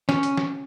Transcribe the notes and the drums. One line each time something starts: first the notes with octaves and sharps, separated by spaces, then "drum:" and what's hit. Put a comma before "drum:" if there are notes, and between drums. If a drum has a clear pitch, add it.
C#4, drum: snare
drum: hi-hat
drum: snare